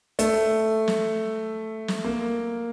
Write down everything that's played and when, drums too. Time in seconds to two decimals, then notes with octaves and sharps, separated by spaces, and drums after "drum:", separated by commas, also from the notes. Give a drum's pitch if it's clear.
0.19 A3, drum: hi-hat
0.88 drum: snare
1.88 drum: snare
2.04 A#3